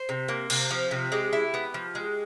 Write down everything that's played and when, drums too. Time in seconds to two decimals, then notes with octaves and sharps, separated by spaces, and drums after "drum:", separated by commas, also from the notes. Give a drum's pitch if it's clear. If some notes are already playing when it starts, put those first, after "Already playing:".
Already playing: C5
0.09 C3
0.28 A#3
0.50 C3, drum: cymbal
0.71 F3
0.91 C3
1.12 G#3 G4
1.33 E4
1.54 B3
1.74 F3
1.95 G#3